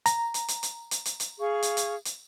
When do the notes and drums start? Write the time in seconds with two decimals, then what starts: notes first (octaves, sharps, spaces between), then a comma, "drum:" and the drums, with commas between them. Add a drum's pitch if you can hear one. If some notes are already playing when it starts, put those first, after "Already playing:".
0.06 A#5, drum: hi-hat
0.34 drum: hi-hat
0.48 drum: hi-hat
0.63 drum: hi-hat
0.91 drum: hi-hat
1.05 drum: hi-hat
1.20 drum: hi-hat
1.39 G#4 F5 C#6
1.63 drum: hi-hat
1.77 drum: hi-hat
2.05 drum: hi-hat